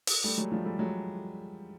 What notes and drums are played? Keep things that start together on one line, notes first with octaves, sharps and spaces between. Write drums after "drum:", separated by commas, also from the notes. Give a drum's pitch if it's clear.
drum: open hi-hat
G3 A3
F#3 G#3
F3 G3
G3 A3
F#3 G#3